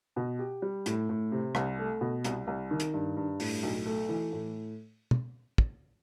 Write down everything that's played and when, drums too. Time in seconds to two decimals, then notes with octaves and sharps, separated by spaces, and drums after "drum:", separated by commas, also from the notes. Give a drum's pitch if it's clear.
0.16 B2
0.39 G4
0.62 G3
0.86 A2, drum: hi-hat
1.09 A2
1.32 C3
1.55 C2, drum: rim click
1.78 A3
2.01 B2
2.24 C2, drum: hi-hat
2.47 C2
2.71 D#3
2.80 drum: hi-hat
2.93 G2
3.17 G2
3.40 A2, drum: open hi-hat
3.63 B1
3.86 A3
4.09 E3
4.32 A2
5.11 drum: tom
5.58 drum: kick